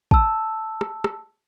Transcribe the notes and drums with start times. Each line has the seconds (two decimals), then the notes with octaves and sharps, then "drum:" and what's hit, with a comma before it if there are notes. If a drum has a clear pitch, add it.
0.11 A5 E6, drum: kick
0.81 drum: rim click
1.04 drum: rim click